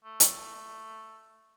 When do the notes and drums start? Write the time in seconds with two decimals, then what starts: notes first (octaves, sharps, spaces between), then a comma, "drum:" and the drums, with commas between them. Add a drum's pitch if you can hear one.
0.04 A3
0.20 drum: hi-hat